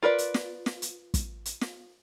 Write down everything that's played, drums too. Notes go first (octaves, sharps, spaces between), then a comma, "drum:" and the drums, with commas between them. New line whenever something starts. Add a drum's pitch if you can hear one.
F4 A#4 B4 D5
drum: hi-hat
drum: snare
drum: snare
drum: hi-hat
drum: kick, hi-hat
drum: hi-hat
drum: snare